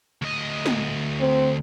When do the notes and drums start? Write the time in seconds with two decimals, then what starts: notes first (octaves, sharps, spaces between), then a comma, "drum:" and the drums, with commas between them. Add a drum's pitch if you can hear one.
0.22 D2 D#5
0.66 drum: snare
1.20 C4